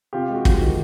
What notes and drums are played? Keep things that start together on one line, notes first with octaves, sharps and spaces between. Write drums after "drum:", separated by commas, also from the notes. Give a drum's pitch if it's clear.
C3 F4 G4
G#3
F#4
D2, drum: kick
F#4
D#3